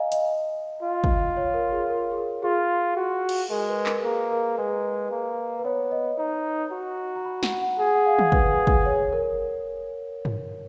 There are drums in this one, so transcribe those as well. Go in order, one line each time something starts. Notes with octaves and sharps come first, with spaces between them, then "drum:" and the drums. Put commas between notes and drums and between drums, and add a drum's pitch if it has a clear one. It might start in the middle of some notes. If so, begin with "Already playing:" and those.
Already playing: D#5 F5 G#5 A#5
D#5, drum: hi-hat
F4
drum: kick
C#5
A#4
G#4
A#4
G#4
A#4
F4 G#4
F#4
drum: cymbal
G#3 A#4
B4
A#4, drum: clap
A#3 G#4
A#4
G#3 B4
A#3
B4
B3 C#5
D#5
D#4
F#4
A#5
B5
F#5, drum: snare
F#5
G#4 F#5
G#5
F#5
F5
drum: tom D#3
B4, drum: kick
drum: kick
C#5
A#4
drum: tom G2